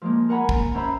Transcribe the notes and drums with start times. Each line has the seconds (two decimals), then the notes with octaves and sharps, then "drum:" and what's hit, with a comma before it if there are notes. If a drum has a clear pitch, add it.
0.02 F3 G#3 A#3
0.29 A#4 F#5 G#5 A#5 B5
0.49 drum: kick
0.74 C#4 C5 E5 A#5 B5